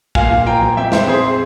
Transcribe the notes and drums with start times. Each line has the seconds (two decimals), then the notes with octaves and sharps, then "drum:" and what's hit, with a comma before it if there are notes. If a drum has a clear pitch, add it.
0.15 A#2 F5 G#5, drum: kick
0.30 F4
0.46 F3 G5 A#5
0.62 F3
0.77 F2 E5 G5
0.92 F2 C5 E5, drum: snare
1.07 F2 G#4 C5